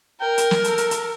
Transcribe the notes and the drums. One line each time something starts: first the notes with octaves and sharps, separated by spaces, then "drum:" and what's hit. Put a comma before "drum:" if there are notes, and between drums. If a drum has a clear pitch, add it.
A#4 G5
drum: hi-hat
drum: snare
A4, drum: hi-hat
drum: hi-hat
drum: hi-hat